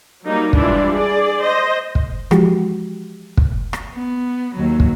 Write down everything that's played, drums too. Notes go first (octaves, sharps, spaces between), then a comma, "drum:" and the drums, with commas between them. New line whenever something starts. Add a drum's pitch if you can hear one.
F#3 G3 A#3 D#4
E3 G3 G#3 D4 E4 F4, drum: kick
G#4 D5
C5 D#5
drum: kick
E3 F3 G#3 F#4 G4, drum: rim click
drum: kick
drum: rim click
B3
D#2 F#3
drum: kick